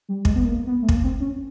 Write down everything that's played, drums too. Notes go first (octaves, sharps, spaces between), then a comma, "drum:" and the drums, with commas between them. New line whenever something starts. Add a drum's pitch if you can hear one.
G3
G#3, drum: kick
B3
A#3
B3
A3
A#3, drum: kick
C4
C#4